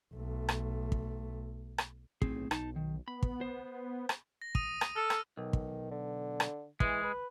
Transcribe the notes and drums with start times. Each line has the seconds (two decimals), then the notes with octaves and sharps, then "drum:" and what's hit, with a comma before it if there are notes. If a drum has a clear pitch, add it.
0.14 B1 A3
0.49 drum: rim click
0.92 drum: kick
1.78 drum: rim click
2.22 B1 A2 C4 G#4, drum: kick
2.51 B1 D#4 A5, drum: rim click
2.76 D#3
3.08 B3 B5
3.23 drum: kick
3.41 C5
4.09 drum: rim click
4.42 A#6
4.55 D#6 D#7, drum: kick
4.81 drum: rim click
4.96 A4 F6
5.10 drum: rim click
5.37 B1 D#3
5.53 drum: kick
5.91 D3
6.40 drum: rim click
6.80 E3 G#3, drum: kick
7.04 B4